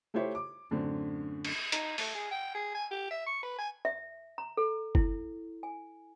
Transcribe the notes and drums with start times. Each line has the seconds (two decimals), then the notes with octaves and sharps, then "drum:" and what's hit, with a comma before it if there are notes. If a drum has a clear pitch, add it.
0.14 A3 E4 G4 C5 C#5 E5
0.35 D6
0.71 F#2 A2 D3 C4 D4
1.45 drum: cymbal
1.72 D#4, drum: hi-hat
1.98 A3, drum: open hi-hat
2.15 G#4
2.31 G5
2.55 G#4
2.75 G#5
2.91 G4
3.11 E5
3.26 C#6
3.43 B4
3.58 G#5
3.85 E5
4.38 A#5
4.57 A4
4.95 E4, drum: kick F#1
5.63 G#5